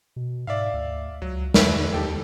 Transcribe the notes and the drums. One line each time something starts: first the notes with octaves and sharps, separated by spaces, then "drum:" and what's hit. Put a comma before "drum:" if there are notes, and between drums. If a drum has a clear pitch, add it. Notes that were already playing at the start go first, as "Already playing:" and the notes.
B2
G#2 D5 E5 F5
D2
C#2 F#3
E2 B4 C#5 E5, drum: snare
D#2 G4 A4 G5